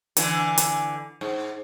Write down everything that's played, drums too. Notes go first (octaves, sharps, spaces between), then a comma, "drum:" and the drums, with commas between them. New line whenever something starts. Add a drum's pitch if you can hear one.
D3 E3, drum: hi-hat
drum: hi-hat
G#2